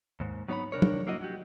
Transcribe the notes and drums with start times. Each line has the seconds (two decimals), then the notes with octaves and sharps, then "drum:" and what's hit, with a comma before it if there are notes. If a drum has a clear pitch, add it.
0.20 D#2 G#2
0.48 F#3 B3 D#4 C#5 F#5 B5
0.72 C3 D4 A#4 C#5
0.82 drum: tom
1.07 A#3 E4 F#4 D#5
1.21 F#3 F#4 G4